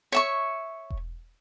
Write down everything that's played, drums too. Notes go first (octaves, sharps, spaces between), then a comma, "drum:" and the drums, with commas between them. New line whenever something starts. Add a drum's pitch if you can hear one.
C#5 E5 C#6
drum: kick E1